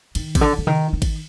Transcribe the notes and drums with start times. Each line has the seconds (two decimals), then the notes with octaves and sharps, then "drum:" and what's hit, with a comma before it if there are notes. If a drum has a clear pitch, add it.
0.15 D#3, drum: cymbal
0.35 C3, drum: kick G#1, cymbal
0.41 D3
0.58 D3
0.67 D#3, drum: tom C3
0.93 D#3
1.02 drum: kick G#1, cymbal